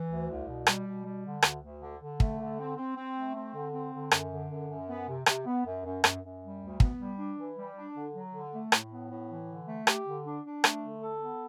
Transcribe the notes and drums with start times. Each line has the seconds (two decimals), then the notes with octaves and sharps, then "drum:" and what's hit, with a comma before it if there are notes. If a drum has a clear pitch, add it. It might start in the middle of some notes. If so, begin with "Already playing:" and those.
Already playing: E3
0.09 D2
0.28 C2
0.47 B2
0.67 G3, drum: rim click
0.85 B2
1.04 G3
1.24 D3
1.42 D2, drum: rim click
1.62 D2
1.82 D3
2.00 D3
2.20 A3, drum: kick
2.39 D3
2.59 C4
2.77 C4
2.96 C4
3.16 A3
3.35 C4
3.54 D3
3.73 C4
3.93 D3
4.11 F#2, drum: rim click
4.30 D3
4.50 F#2
4.69 F#2
4.88 B3
5.07 C3
5.26 C3, drum: rim click
5.46 B3
5.65 F#2
5.84 F#2
6.04 F#2, drum: rim click
6.23 F#2
6.42 G3
6.61 D2
6.80 B3, drum: kick
6.99 G3
7.18 D4
7.38 E3
7.57 G3
7.76 D4
7.95 D3
8.15 F#3
8.34 D3
8.53 A3
8.72 A2, drum: rim click
8.91 B3
9.10 A2
9.29 E3
9.49 D3
9.68 A3
9.87 G4, drum: rim click
10.06 D3
10.25 D4
10.45 D4
10.64 A3, drum: rim click
10.83 D3
11.03 A4
11.21 B3